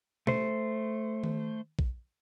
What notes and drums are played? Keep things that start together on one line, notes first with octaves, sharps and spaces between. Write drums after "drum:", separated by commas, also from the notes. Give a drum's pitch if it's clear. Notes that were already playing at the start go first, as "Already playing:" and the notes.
A3 C5, drum: tom B2
drum: tom D#3
drum: kick B1